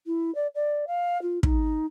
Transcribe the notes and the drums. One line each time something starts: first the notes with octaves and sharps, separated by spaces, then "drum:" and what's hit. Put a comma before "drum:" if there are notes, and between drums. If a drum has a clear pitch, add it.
E4
D5
D5
F5
F4
D#4, drum: kick